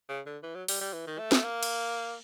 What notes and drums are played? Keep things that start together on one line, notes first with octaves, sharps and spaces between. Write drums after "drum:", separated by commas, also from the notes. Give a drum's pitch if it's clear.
C#3
D3
E3
F#3
G3, drum: open hi-hat
G3
E3
D#3
A3
A3, drum: snare
A#3
drum: cymbal